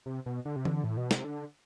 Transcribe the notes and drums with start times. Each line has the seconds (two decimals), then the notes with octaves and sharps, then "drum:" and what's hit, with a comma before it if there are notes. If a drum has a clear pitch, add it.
0.06 C3
0.26 B2
0.45 D3
0.56 C3
0.65 D3, drum: tom E3
0.84 A2
0.97 B2
1.11 C3, drum: snare
1.24 D3